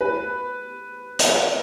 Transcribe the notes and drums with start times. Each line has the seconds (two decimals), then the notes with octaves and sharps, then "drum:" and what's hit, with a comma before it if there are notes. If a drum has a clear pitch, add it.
0.01 B4
1.19 drum: hi-hat